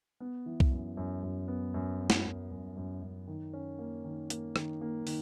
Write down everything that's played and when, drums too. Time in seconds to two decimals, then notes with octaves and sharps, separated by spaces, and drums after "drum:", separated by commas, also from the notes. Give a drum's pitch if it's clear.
0.20 B3
0.46 E3
0.60 drum: kick C2
0.71 F#2
0.97 F#2
1.23 F#2
1.48 B3
1.74 F#2
2.00 B3
2.10 drum: snare
2.26 F#2
2.51 F#2
2.77 F#2
3.02 F#2
3.27 D#3
3.53 C#4
3.79 A#3
4.05 D#3
4.30 A#3, drum: hi-hat
4.56 D#3, drum: rim click
4.81 A#3
5.07 D#3, drum: open hi-hat